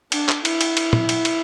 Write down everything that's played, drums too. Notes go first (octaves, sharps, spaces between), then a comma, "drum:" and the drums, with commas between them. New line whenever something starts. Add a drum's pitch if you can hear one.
D4, drum: cymbal
drum: clap
E4, drum: cymbal
drum: cymbal
drum: cymbal
drum: tom
drum: cymbal
drum: cymbal